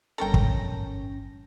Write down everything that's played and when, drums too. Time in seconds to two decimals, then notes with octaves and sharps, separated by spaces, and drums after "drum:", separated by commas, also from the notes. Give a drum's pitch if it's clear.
0.18 G1 C#4 A4 A#4 G5 A#6
0.34 drum: kick